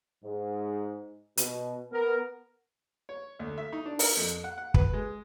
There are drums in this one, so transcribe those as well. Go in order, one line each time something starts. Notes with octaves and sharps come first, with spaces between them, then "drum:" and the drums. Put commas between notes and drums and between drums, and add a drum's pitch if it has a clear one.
G#2
B2, drum: hi-hat
B3 A#4
C#5
D2
E5
D#4
D4
A#4, drum: open hi-hat
F2
F#5
F#5
B4, drum: kick
G#3